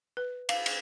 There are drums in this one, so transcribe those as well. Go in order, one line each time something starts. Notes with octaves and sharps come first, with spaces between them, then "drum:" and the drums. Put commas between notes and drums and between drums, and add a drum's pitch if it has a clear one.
B4
F5, drum: cymbal
drum: cymbal